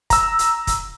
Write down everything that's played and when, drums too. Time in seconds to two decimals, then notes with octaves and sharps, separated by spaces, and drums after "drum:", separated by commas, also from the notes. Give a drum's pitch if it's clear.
0.10 A#5 E6, drum: kick, hi-hat
0.39 drum: hi-hat
0.67 drum: kick, hi-hat